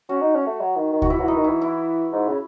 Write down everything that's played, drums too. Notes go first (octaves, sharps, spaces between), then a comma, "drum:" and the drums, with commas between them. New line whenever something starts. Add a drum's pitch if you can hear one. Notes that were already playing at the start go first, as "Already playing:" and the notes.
C#4 F#4
D#4
C#4
A3
F#3
D#3
D#3
F#4, drum: kick C#2
E3 E4
F#3
E3 D#4
D#3
E3 E4
E4
G#2
C#3